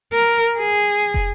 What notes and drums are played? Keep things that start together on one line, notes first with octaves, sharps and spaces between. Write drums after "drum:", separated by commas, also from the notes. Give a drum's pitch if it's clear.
A#4
G#4
drum: kick